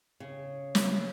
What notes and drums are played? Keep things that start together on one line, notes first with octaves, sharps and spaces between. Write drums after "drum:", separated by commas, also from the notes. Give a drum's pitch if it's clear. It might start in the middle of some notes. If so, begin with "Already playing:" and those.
C#3
drum: snare